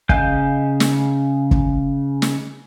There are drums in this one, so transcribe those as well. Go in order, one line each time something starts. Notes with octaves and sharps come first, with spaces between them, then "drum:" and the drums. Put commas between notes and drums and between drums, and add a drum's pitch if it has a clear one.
C#3 D#5 F5 G#5 G6, drum: kick G1
drum: snare
drum: kick G1
drum: snare